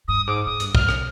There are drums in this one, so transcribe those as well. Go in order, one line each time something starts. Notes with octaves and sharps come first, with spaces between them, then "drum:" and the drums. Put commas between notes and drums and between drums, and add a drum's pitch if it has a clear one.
G2 D#6
G#2 D6
G#2 D#6
G2, drum: hi-hat
G2 F6, drum: kick
drum: rim click